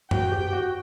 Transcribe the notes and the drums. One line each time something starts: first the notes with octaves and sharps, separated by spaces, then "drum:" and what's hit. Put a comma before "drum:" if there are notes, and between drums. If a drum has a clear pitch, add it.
F#4 G5, drum: tom F#2
G4
F#4